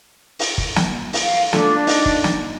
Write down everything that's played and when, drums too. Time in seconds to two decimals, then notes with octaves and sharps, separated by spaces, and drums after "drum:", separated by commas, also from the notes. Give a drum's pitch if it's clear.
0.39 drum: open hi-hat
0.58 drum: kick
0.76 drum: snare
1.13 drum: open hi-hat
1.23 F5
1.53 A3 D4 F4 A4, drum: snare
1.87 D#4, drum: open hi-hat
2.06 drum: kick
2.24 drum: snare